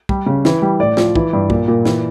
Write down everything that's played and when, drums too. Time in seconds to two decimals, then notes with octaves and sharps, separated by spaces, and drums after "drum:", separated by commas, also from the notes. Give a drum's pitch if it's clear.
0.09 G3, drum: kick
0.26 C#3
0.45 E3, drum: snare
0.62 G3
0.80 A2 D5
0.97 F3, drum: snare
1.15 E3, drum: kick
1.33 G2
1.50 A#2, drum: kick
1.68 A#2
1.85 E3, drum: snare